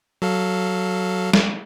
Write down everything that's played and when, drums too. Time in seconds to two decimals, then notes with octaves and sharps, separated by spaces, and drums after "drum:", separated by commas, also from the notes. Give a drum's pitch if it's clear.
0.22 F#3 A4 F5
1.33 drum: snare